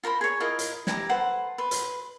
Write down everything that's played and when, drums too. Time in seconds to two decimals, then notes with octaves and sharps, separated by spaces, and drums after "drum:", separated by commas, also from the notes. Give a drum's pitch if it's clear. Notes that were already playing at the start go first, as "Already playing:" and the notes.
0.03 F4 A#4 C5 B5
0.21 G#4 C#5
0.40 E4 F4 A#4 D#5
0.59 drum: hi-hat
0.87 E4 G4 A5 A#5, drum: snare
1.09 A4 B4 C5 F#5
1.58 B4 C6
1.71 drum: hi-hat